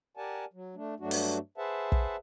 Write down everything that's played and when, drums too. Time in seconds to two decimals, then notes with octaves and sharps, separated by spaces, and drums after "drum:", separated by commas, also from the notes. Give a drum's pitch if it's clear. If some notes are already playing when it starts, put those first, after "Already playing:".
0.17 G4 A#4 D5 F#5 G#5 A5
0.53 F#3
0.75 A3 D4
1.00 G2 F#3 A3 D4 F#4
1.11 drum: open hi-hat
1.58 G#4 B4 C5 E5 F#5 A5
1.92 drum: kick